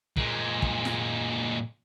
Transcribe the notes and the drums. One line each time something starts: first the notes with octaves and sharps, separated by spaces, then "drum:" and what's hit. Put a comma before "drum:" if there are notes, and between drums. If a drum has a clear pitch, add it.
A#2 G#3, drum: kick
drum: kick
drum: snare